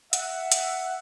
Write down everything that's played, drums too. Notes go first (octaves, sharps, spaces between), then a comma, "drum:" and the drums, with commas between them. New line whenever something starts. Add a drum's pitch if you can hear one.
E5 F#5, drum: hi-hat
drum: hi-hat